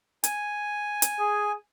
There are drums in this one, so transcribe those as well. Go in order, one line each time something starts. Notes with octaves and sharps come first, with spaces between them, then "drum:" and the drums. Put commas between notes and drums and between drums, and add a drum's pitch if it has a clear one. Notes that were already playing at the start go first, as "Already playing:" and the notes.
G#5, drum: hi-hat
drum: hi-hat
G#4